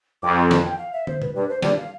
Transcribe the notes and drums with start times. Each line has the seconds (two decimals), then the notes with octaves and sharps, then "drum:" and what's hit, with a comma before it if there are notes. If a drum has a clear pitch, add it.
0.22 F2 D6
0.38 C6
0.51 A5, drum: snare
0.65 G5
0.78 F5
0.93 E5
1.07 C5, drum: tom
1.22 B4, drum: tom
1.35 G2 B4
1.49 C5
1.62 G2 D5, drum: snare
1.78 F5